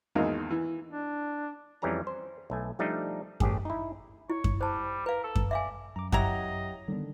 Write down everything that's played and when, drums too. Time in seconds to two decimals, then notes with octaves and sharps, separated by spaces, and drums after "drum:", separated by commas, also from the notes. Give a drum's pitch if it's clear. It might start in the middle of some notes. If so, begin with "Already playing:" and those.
0.15 G#1 E2 G#3 A#3 D#4 F5
0.50 E3
0.91 D4
1.82 F2 E3 G3 C#4 G#4 A#5
2.07 C5
2.50 B1 A3 G#5
2.79 F3 G3 A3 D4 D#4
3.40 A1 G4 G#4, drum: kick F#2
3.65 D#4 E4
4.30 E4 C#5
4.44 drum: kick F#2
4.61 G3 C5 A5
5.06 A#4 B4 F5
5.24 A4
5.35 drum: kick F#2
5.51 D5 E5 F5 G#5
5.96 F#2 A#5 D6
6.12 F#3 E4 G4 D#5 F#5 G5 A#5, drum: kick F#2
6.88 D3 D#3 G3 B3 D4